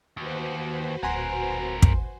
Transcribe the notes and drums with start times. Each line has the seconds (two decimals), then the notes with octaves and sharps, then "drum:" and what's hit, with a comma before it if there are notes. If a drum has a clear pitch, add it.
0.17 D#2 F#4 B4 C5
1.03 D1 A#1 C4 A#4 F#5 G#5 C6
1.82 drum: kick